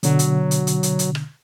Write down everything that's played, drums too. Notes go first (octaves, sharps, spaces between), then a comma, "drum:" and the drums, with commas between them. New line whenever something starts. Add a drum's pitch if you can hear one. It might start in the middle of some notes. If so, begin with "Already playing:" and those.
B2 D3 F#3, drum: hi-hat
drum: hi-hat
drum: hi-hat
drum: hi-hat
drum: hi-hat
drum: hi-hat
drum: rim click